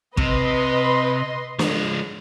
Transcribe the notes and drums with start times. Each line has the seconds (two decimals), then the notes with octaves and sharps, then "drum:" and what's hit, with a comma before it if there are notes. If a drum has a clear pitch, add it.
0.17 C3 B4 D#5 C6, drum: kick
1.59 F3 G#3, drum: snare